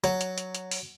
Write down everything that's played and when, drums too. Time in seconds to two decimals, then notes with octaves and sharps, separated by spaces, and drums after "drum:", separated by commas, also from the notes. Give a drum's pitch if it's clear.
0.04 F#3, drum: hi-hat
0.21 drum: hi-hat
0.38 drum: hi-hat
0.55 drum: hi-hat
0.71 drum: open hi-hat